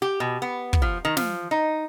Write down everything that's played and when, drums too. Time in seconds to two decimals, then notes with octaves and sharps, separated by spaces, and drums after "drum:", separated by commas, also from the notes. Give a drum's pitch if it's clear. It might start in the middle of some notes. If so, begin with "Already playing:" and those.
0.02 G4
0.20 B2
0.42 B3
0.73 drum: kick
0.82 F3
1.05 D#3
1.17 F3, drum: snare
1.51 D#4